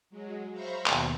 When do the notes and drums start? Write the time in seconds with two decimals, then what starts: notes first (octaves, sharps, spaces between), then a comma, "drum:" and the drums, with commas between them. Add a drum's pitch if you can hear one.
0.10 F#3 G#3
0.52 C5 E5 F5 A#5 B5 C#6
0.86 D#2 B2, drum: clap